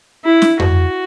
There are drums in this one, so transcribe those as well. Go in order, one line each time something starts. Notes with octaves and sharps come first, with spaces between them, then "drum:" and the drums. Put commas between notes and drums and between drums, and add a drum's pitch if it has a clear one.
E4
drum: snare
F#4, drum: tom F2